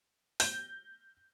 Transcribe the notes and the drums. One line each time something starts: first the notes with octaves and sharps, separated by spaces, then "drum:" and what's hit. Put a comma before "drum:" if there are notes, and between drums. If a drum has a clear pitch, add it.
G6, drum: open hi-hat